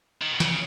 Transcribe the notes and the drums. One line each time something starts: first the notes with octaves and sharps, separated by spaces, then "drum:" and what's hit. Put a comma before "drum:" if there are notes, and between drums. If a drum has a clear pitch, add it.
D#3
B2
C#3, drum: snare